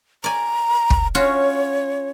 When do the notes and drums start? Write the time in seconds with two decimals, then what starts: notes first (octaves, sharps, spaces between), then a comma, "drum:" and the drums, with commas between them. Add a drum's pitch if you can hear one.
0.24 D5 G#5 A#5
0.90 drum: kick
1.15 C#4 F4 F#4 C#5